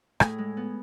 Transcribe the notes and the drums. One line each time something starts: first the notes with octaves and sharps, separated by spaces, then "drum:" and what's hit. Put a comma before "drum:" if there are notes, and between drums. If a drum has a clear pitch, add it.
A2 G#4, drum: rim click
G#3
B3